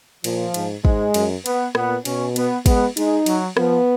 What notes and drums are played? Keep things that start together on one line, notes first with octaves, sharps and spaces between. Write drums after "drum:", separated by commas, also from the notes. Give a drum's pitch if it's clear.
A#2 F3, drum: cymbal
G#2, drum: cymbal
G#2 G#3, drum: kick
F#2, drum: cymbal
B3, drum: cymbal
A#2 B3, drum: rim click
B2 C#4, drum: cymbal
B3, drum: cymbal
G#3 B3, drum: kick, cymbal
G#3 D#4, drum: cymbal
F#3, drum: cymbal
F3 B3, drum: rim click